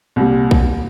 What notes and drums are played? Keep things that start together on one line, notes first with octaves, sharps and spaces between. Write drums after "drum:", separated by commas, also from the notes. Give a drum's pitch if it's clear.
C2 A#2 G3
drum: kick A#1